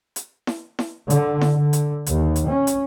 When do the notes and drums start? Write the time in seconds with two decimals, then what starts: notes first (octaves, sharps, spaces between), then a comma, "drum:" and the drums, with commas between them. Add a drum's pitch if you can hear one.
0.16 drum: hi-hat
0.47 drum: snare E4
0.79 drum: snare E4
1.10 D3, drum: hi-hat
1.41 drum: snare E4
1.53 D3
1.73 drum: hi-hat
2.06 D#2, drum: hi-hat
2.36 drum: hi-hat
2.47 C#4
2.67 drum: hi-hat